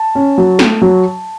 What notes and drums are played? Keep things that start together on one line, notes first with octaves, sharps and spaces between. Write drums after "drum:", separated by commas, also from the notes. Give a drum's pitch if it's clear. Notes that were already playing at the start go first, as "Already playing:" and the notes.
Already playing: A5
C#4
F#3
A3, drum: snare
F#3